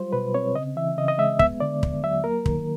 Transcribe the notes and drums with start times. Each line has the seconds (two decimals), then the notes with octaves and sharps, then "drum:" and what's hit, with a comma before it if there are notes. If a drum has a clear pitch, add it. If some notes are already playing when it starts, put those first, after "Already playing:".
Already playing: F#3 G3 F4 C5
0.13 B2 B4
0.34 C4 C#5
0.55 C#3 D#5
0.76 E3 E5
0.97 C#3 D#5
1.08 D#5
1.18 G#3 E5
1.39 B3 E5, drum: kick
1.60 D3 D5
1.83 D#2, drum: kick
2.04 F#3 E5
2.24 A#3 A#4
2.46 D#3, drum: kick